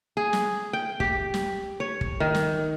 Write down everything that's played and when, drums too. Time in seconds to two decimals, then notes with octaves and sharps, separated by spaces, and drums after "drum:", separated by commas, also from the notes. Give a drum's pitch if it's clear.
0.17 G#4
0.33 drum: snare
0.73 G5
1.00 G4, drum: kick
1.34 drum: snare
1.80 C#5
2.01 drum: kick
2.20 D#3
2.35 drum: snare